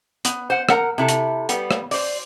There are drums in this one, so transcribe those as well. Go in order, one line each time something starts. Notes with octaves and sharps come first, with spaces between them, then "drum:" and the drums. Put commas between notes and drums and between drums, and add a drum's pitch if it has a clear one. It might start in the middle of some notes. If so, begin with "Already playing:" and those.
B3, drum: hi-hat
C5 F#5
A#4 F#5 A#5, drum: rim click
C3 E4 A4
drum: hi-hat
G3 B3, drum: hi-hat
drum: rim click
C5 D5, drum: open hi-hat